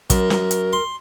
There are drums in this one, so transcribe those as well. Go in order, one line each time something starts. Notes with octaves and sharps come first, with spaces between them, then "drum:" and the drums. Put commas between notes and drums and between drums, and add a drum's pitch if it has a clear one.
F#2 A#4, drum: kick, hi-hat
drum: snare
drum: hi-hat
C6